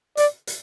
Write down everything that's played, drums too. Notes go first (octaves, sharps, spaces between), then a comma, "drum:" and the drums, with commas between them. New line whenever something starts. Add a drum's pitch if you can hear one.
D5, drum: hi-hat
drum: hi-hat